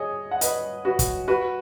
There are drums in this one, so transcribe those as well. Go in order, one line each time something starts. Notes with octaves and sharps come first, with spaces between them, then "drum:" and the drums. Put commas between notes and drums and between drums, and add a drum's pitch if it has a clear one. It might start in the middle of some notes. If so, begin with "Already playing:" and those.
Already playing: G#4 C#5 D#5
F#5
B4 D#5, drum: hi-hat
F#4 B4
drum: kick, hi-hat
F#4 B4